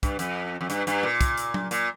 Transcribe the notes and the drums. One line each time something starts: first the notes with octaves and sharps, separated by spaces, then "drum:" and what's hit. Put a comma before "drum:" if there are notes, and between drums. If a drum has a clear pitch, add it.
G2, drum: kick, hi-hat
F2, drum: hi-hat
F2
G2, drum: hi-hat
G2, drum: hi-hat
A#2
drum: kick, hi-hat
drum: hi-hat
drum: tom F#3
A#2, drum: hi-hat